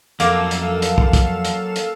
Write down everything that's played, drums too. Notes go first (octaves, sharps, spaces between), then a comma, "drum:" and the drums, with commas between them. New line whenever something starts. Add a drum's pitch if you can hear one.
F2 F#3 A#3 A4 A#4 F5 E7, drum: hi-hat
drum: hi-hat
drum: hi-hat
drum: kick
drum: kick, hi-hat
drum: hi-hat
drum: hi-hat